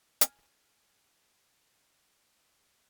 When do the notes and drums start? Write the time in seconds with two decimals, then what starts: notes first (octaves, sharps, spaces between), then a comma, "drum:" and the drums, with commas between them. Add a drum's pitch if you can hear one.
0.21 G#5 F6, drum: hi-hat